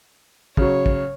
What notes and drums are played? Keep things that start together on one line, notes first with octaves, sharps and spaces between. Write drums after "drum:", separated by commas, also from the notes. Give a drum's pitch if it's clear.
C#3 F#3 C#5, drum: kick
drum: kick